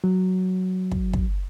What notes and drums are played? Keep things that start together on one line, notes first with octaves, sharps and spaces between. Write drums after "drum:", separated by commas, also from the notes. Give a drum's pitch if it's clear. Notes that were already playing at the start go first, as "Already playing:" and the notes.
F#3
drum: kick
drum: kick